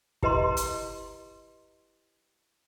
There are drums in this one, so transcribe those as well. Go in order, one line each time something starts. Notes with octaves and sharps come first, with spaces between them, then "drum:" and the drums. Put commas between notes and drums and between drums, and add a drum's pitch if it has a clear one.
E4 G4 B4 D#5 A#5 C6, drum: kick
drum: hi-hat